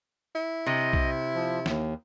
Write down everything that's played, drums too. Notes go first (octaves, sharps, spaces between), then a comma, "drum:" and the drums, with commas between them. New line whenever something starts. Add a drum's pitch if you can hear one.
E4
C3 D#5
drum: kick B1
F3
D#2, drum: snare